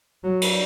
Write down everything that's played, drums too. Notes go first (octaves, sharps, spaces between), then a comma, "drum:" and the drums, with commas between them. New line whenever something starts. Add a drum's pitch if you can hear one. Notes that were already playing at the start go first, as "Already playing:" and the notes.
F#3
drum: cymbal